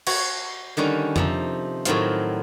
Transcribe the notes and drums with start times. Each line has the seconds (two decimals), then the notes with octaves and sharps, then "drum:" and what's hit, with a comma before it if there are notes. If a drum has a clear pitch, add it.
0.07 F#4 C#5, drum: cymbal
0.77 D3 D#3 G3 C#4
1.16 C3 F3 D#4, drum: tom F2
1.85 A2 D#3 F#3 C4 F4, drum: hi-hat